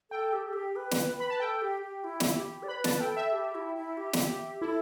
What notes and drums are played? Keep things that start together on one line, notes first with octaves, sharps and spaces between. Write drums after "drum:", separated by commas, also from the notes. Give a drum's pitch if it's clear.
A4 G5
G4
A4
G4
B4
drum: snare
B4
B5
A5
A4 G5
G4
G4
E4
drum: snare
G4
D5
B4 B5
A5, drum: snare
A4 G5
E5
G4
E4
E4
G4
drum: snare
E4 A4